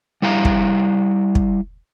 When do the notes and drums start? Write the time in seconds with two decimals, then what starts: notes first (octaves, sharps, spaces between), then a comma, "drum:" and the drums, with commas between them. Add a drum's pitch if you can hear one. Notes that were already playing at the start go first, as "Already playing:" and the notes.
0.22 G3 E4 F5 G5 A#5
0.45 drum: kick
1.35 drum: kick